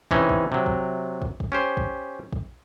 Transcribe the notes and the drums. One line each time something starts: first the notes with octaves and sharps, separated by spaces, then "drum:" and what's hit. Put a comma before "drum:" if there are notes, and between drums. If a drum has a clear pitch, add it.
C3 E3 C#4 D#4, drum: kick
drum: kick
C3 F#3
drum: kick
drum: kick
drum: kick
C#4 G4 C5
drum: kick
drum: kick